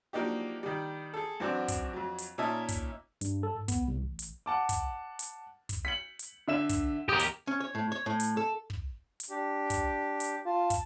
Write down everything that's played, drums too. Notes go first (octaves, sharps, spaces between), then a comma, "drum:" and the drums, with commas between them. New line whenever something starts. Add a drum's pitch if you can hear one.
F3 F#3 A#3 D4 D#4 G4
D#3 G3
G#4 A4
F#2 E3 C4 D4 F#4
drum: kick, hi-hat
F2 F#3
drum: hi-hat
A#2 C#4 D#4 E5 A5 D#6
drum: kick, hi-hat
G2, drum: hi-hat
A4
G#2
B3, drum: kick, hi-hat
C2
A1
drum: hi-hat
F#5 A5 D6
drum: kick, hi-hat
drum: hi-hat
drum: kick, hi-hat
B6 C#7 F#7
drum: hi-hat
D3 E5 E7
drum: kick, hi-hat
G4 A#4 D#6
drum: hi-hat
C#4
C#5
A2
C#5
A2
drum: hi-hat
A4
drum: kick
drum: hi-hat
D4 G4
drum: kick, hi-hat
drum: hi-hat
F4 A5
drum: kick, hi-hat